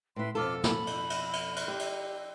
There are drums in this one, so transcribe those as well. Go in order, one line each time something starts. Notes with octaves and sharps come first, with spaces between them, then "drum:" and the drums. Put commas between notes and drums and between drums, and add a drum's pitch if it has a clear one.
A2 E4 B4 C6
F2 B2 F4 A4 D6 F6
B5, drum: snare
drum: cymbal
drum: cymbal
drum: cymbal
drum: cymbal
G4
drum: cymbal